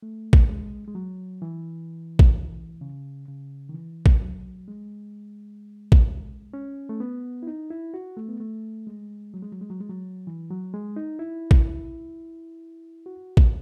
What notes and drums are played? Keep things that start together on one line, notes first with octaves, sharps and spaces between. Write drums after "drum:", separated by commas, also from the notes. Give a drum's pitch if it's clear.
A3
drum: kick A1
G#3
G#3
F#3
E3
drum: kick A1
C#3
C#3
D#3
E3
drum: kick A1
F#3
G#3
drum: kick A1
C#4
A3
B3
E4
D#4
E4
F#4
A3
B3
A3
G#3
F#3
G#3
F#3
G#3
F#3
G#3
F#3
E3
F#3
G#3
D#4
E4
drum: kick A1
F#4
drum: kick A1